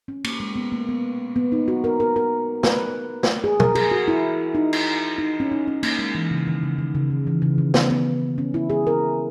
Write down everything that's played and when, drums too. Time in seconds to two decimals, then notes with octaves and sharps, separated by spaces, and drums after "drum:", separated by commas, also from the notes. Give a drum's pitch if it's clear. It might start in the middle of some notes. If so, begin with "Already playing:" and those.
0.08 C#4
0.24 A#3, drum: cymbal
0.40 G#3
0.56 B3
0.72 A#3
0.89 B3
1.36 B3
1.52 D#4
1.68 F#4
1.84 A#4
2.00 A#4
2.16 A#4
2.63 B4, drum: snare
3.23 drum: snare
3.44 G#4
3.60 A#4, drum: tom
3.75 G#4, drum: cymbal
3.91 F#4
4.08 E4
4.55 D#4
4.73 drum: cymbal
5.18 D#4
5.40 C#4
5.52 D#4
5.68 C#4
5.83 A#3, drum: cymbal
5.99 G#3
6.15 E3
6.31 C#3
6.47 D#3
6.63 C#3
6.78 D#3
6.95 C#3
7.10 D#3
7.27 E3
7.42 C#3
7.58 D#3
7.74 B3, drum: snare
7.91 B3
8.38 C#4
8.54 E4
8.70 G#4
8.87 A#4